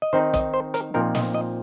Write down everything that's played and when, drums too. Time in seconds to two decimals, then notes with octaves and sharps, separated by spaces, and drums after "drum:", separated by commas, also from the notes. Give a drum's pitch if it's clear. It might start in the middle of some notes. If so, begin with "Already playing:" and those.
0.02 D#5
0.13 D#3 C4 D#4 C5
0.34 D#5, drum: kick, hi-hat
0.54 C5
0.74 A#4, drum: hi-hat
0.94 A#2 F3 C4 D#4 A#4
1.15 D#5, drum: snare
1.34 D#5